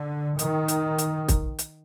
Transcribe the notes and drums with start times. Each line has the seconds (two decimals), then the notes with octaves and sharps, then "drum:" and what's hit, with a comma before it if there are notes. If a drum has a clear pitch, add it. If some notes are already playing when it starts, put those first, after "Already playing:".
Already playing: D3
0.39 D#3, drum: hi-hat
0.68 drum: hi-hat
0.98 drum: hi-hat
1.28 drum: kick, hi-hat
1.59 drum: hi-hat